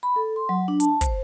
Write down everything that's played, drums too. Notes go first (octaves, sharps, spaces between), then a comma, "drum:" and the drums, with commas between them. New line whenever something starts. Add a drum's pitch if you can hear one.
B5
A4
C6
F#3
D4
A5, drum: hi-hat
C5, drum: kick, hi-hat